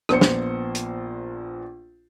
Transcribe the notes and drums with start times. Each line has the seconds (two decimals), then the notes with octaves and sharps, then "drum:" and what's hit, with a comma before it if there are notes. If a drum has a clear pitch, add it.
0.09 A#1 A#2 B3 C5 C#7, drum: rim click
0.21 drum: snare
0.75 drum: hi-hat